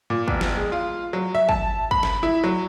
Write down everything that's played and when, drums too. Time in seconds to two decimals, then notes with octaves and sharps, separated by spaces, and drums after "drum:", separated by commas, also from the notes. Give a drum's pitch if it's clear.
0.10 A#2
0.28 E1, drum: kick
0.41 drum: snare
0.57 G#3
0.72 F4
1.13 F#3
1.35 E5
1.49 A5, drum: kick
1.91 B5, drum: kick
2.03 drum: snare
2.23 E4
2.44 F#3